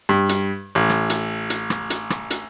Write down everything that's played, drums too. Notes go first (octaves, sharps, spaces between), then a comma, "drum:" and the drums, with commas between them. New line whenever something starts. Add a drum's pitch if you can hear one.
G2
drum: hi-hat
A1
drum: rim click
drum: hi-hat
drum: hi-hat
drum: rim click
drum: hi-hat
drum: rim click
drum: hi-hat